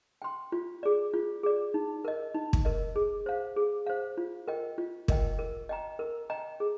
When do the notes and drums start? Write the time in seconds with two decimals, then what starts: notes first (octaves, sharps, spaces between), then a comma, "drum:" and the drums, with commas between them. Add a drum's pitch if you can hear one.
0.22 G5 C6
0.52 F4
0.83 G#4 D5
1.14 F4
1.43 G#4 D5
1.74 D#4
2.05 A#4 D#5
2.35 D#4
2.53 drum: kick
2.65 A#4 D#5
2.96 G#4
3.26 C5 F5
3.56 G#4
3.86 C5 F5
4.18 F4
4.47 A#4 D#5 G5
4.78 F4
5.08 A#4 D#5 G5, drum: kick
5.39 A#4
5.69 D#5 G5 A#5
5.99 A#4
6.30 D#5 G5 A#5
6.60 G#4